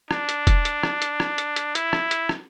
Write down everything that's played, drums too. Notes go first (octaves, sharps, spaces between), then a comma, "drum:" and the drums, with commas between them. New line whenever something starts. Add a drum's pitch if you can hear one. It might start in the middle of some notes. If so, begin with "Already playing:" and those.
D4, drum: rim click
drum: hi-hat
drum: kick, hi-hat
drum: hi-hat
drum: rim click
drum: hi-hat
drum: rim click
drum: hi-hat
drum: hi-hat
E4, drum: hi-hat
drum: rim click
drum: hi-hat
drum: rim click